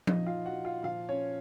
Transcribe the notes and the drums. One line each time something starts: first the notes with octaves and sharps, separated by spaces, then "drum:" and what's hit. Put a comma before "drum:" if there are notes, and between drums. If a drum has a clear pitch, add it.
A#2 F3 D#4 D#5, drum: tom F3
F4 F5
F#4 F#5
F4 F5
A#2 F3 F4 F5
C#4 C#5